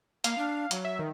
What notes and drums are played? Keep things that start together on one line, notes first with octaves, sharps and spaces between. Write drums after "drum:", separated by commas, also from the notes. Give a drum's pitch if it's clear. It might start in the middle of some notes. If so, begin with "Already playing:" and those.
A#3 F5, drum: hi-hat
D4
F#3, drum: hi-hat
E5
D#3